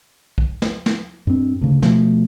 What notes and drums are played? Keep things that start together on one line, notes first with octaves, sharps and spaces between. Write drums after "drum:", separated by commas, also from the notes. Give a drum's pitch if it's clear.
drum: kick B1
drum: snare
drum: snare
G2 C4
D2 C#3
B2 F3 A3, drum: snare